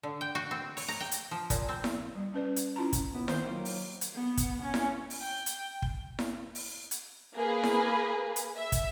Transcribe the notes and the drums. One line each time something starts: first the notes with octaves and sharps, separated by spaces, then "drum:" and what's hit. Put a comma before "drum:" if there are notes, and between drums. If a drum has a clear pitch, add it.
D3
G5
F#4
C4
C#5, drum: open hi-hat
A#5
G5
drum: hi-hat
F3
A#2, drum: kick, hi-hat
C4
drum: snare E4
G3
C#4 B4 D5
drum: hi-hat
C#4 E4 F4 A5 A#5
drum: kick, hi-hat
D#2 B3 E4
D#3 C5, drum: snare E4
D#3 F#3 A#3 F4
drum: open hi-hat
drum: hi-hat
B3
drum: kick, hi-hat
C#4
drum: snare E4
drum: open hi-hat
G5
drum: hi-hat
drum: kick
drum: snare E4
drum: open hi-hat
drum: hi-hat
A#3 G#4 B4
drum: snare E4
drum: hi-hat
E5
drum: kick, hi-hat